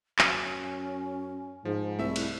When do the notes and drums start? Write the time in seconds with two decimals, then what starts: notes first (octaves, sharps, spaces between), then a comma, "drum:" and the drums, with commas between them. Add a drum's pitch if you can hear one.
0.19 F#2 C#4 F6, drum: clap
1.65 G#2 F3
1.99 C2 A3 E4 E5
2.16 drum: cymbal